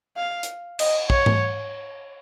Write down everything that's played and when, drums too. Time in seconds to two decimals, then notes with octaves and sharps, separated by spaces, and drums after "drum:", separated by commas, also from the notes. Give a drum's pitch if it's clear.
0.16 F5
0.43 drum: hi-hat
0.79 D#5, drum: cymbal
1.10 C#5, drum: kick
1.26 drum: tom G#2